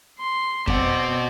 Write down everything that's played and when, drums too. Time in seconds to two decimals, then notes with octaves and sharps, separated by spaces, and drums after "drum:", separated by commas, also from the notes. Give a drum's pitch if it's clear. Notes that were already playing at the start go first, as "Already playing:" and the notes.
0.19 C6
0.68 B2 C4 D5 F#5, drum: kick F2